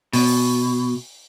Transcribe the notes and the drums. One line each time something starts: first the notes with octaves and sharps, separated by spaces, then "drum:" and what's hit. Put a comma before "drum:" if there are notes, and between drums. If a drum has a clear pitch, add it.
B2, drum: open hi-hat